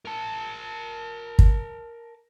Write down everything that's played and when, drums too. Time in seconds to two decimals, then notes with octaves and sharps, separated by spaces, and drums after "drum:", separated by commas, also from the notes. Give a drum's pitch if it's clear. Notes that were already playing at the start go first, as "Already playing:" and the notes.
0.05 A#4 A5
1.39 drum: kick